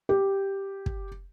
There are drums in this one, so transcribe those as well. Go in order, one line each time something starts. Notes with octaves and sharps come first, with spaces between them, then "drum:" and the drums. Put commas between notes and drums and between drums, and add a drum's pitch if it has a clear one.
G4
drum: kick